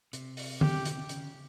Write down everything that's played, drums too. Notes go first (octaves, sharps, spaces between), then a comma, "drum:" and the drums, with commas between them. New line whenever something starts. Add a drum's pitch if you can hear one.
C3, drum: hi-hat
drum: open hi-hat
G4, drum: tom
drum: hi-hat
C#3, drum: hi-hat